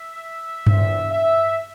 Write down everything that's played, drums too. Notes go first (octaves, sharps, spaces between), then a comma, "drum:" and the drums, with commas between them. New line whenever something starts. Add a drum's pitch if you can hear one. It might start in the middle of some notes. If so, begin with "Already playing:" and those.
Already playing: E5
E2 D3 F3 C4 E5, drum: tom G2
E5